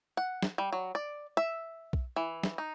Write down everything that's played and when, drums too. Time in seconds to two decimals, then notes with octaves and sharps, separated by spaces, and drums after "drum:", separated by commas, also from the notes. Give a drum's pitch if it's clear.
0.17 F#5
0.42 drum: snare
0.58 G3
0.73 F#3
0.95 D5
1.37 E5
1.93 drum: kick B1
2.16 E3
2.43 drum: snare
2.58 D#4